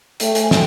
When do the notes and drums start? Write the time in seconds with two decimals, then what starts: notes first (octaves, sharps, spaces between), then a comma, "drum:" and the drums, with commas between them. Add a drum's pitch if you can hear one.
0.20 A3 G5, drum: hi-hat
0.35 G#5, drum: hi-hat
0.51 G5, drum: snare